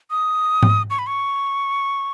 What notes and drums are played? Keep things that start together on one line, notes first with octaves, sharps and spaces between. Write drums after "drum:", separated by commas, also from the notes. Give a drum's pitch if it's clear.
D#6
drum: tom G#2
C#6
B5
C#6